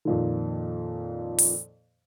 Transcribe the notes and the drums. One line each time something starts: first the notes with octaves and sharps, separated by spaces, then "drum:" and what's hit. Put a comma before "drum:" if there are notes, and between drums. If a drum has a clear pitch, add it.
F2 A#2 D#3
drum: open hi-hat